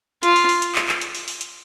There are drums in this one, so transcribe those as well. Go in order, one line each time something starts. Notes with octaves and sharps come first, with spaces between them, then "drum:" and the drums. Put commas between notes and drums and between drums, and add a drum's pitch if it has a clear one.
F4, drum: hi-hat
drum: open hi-hat
drum: open hi-hat
drum: hi-hat
drum: clap
drum: clap
drum: hi-hat
drum: open hi-hat
drum: open hi-hat
drum: hi-hat